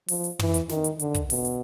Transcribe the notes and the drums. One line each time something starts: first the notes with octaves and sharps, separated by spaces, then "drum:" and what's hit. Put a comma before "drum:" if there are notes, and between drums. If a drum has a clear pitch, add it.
F3, drum: open hi-hat
drum: hi-hat
E3, drum: tom
drum: hi-hat
D#3, drum: snare
drum: hi-hat
D3, drum: hi-hat
drum: kick, hi-hat
B2, drum: open hi-hat
drum: hi-hat